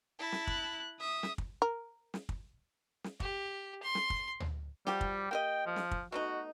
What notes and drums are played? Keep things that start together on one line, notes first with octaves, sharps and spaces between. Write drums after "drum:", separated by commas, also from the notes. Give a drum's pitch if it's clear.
E4 A5
drum: snare
F#6, drum: kick
E5 D#6
drum: snare
drum: kick
A#4
drum: snare
drum: kick
drum: snare
G4, drum: kick
C6
drum: snare
drum: kick
drum: tom
F3 G3 F#4 G4, drum: snare
drum: kick
A#3 G4 D#5 G5
F3
drum: snare
drum: kick
B2 A3 D#4 F#4